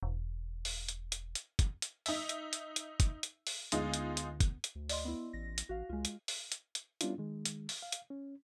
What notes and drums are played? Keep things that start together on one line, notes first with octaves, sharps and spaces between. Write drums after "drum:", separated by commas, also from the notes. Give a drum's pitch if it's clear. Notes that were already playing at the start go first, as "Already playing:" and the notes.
E1
drum: open hi-hat
drum: hi-hat
drum: hi-hat
drum: hi-hat
drum: kick, hi-hat
drum: hi-hat
D#4 E5, drum: open hi-hat
drum: hi-hat
drum: hi-hat
drum: hi-hat
drum: kick, hi-hat
drum: hi-hat
drum: open hi-hat
D2 D3 G#3 B3 D#4 F4, drum: hi-hat
drum: hi-hat
drum: hi-hat
drum: kick, hi-hat
drum: hi-hat
D2
D5 D#5 C6, drum: open hi-hat
B3 E4
A1 A#6
drum: hi-hat
A1 F#4 F5
C#2 G#3 F4
drum: hi-hat
drum: open hi-hat
drum: hi-hat
drum: hi-hat
G3 B3 C#4 D4 E4 F4, drum: hi-hat
D#3 G#3
drum: hi-hat
drum: open hi-hat
F5
drum: hi-hat
C#4